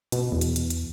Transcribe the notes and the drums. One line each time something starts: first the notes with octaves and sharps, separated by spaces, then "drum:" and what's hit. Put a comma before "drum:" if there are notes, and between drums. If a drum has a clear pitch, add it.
B2, drum: hi-hat
E2
drum: hi-hat
drum: hi-hat
drum: hi-hat